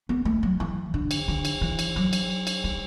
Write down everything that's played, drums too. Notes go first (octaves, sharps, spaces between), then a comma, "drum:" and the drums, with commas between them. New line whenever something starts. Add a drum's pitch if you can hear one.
B3
A3
F#3
E3
D3
drum: cymbal
D3
drum: cymbal
E3
drum: cymbal
F#3
drum: cymbal
drum: cymbal
G3